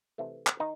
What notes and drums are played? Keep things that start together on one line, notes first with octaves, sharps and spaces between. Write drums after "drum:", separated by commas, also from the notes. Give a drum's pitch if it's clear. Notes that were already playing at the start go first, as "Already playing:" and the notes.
C3 E3 A3
drum: clap
D#3 D#4